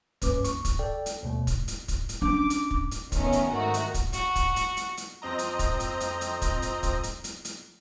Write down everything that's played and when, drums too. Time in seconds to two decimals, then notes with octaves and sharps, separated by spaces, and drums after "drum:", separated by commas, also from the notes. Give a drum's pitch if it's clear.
0.22 C#2 G2 A#3 C#4 B4 D6, drum: kick, hi-hat
0.44 C#6, drum: hi-hat
0.65 drum: kick, hi-hat
0.79 A4 D5 G5
1.06 drum: hi-hat
1.23 D#2 B2 A3
1.47 drum: kick, hi-hat
1.68 drum: hi-hat
1.88 drum: kick, hi-hat
2.09 drum: hi-hat
2.22 C#4 D4 D6
2.50 drum: hi-hat
2.71 drum: kick
2.91 drum: hi-hat
3.12 D#3 A3 B3 C#4 A#4, drum: kick, hi-hat
3.33 drum: hi-hat
3.50 G#2 D#3 A3 F#4 A#5
3.74 drum: hi-hat
3.94 drum: kick, hi-hat
4.13 F#4, drum: hi-hat
4.36 drum: kick, hi-hat
4.56 drum: hi-hat
4.77 drum: hi-hat
4.97 drum: hi-hat
5.22 F2 C4 D#5 A#5
5.39 drum: hi-hat
5.59 drum: kick, hi-hat
5.80 drum: hi-hat
6.00 drum: hi-hat
6.21 drum: hi-hat
6.42 drum: kick, hi-hat
6.62 drum: hi-hat
6.83 drum: kick, hi-hat
7.03 drum: hi-hat
7.24 drum: hi-hat
7.45 drum: hi-hat